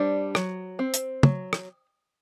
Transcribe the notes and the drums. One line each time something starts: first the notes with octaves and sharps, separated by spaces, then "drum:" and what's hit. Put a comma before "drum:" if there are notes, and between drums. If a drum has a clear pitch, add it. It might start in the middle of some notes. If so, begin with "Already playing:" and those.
Already playing: G3 D4 C5
F#3, drum: rim click
C4
drum: hi-hat
F#3, drum: tom
drum: rim click